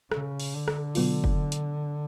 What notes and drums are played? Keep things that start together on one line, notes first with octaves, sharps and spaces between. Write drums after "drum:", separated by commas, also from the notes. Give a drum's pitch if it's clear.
C#3, drum: rim click
drum: open hi-hat
D3
drum: rim click
B2 F#3 B3 F4, drum: open hi-hat
drum: kick
drum: hi-hat